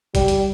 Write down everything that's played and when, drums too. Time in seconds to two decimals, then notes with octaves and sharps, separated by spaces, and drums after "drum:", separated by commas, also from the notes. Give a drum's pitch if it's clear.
0.15 G3, drum: kick, hi-hat
0.28 drum: hi-hat